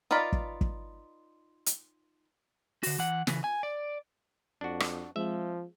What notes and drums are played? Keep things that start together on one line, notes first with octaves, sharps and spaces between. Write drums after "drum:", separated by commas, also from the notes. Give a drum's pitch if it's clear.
D#4 F4 B4 D5 B5
drum: kick
drum: kick
drum: hi-hat
D3 F#4, drum: open hi-hat
E3 F#5
C#3 E3, drum: snare
G#5
D5
F2 D4 F#4
drum: rim click
F3 G#3 C4 E5